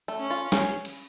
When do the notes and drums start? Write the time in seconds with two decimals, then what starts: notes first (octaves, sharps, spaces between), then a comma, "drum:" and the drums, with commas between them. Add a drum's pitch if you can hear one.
0.08 A3
0.19 C#4
0.30 F4
0.52 C#4, drum: snare
0.85 drum: cymbal